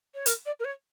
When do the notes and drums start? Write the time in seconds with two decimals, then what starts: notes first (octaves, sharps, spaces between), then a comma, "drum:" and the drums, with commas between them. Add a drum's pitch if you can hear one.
0.14 C#5
0.26 A#4, drum: hi-hat
0.45 D5
0.59 A#4
0.64 C#5